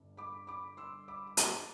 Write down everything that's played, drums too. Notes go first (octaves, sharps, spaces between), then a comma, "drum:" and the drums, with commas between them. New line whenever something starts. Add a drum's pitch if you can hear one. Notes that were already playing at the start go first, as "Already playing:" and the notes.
Already playing: G1 G2
B5 D6
B5 D6
C6 E6
B5 D6
B5
A5 C6, drum: hi-hat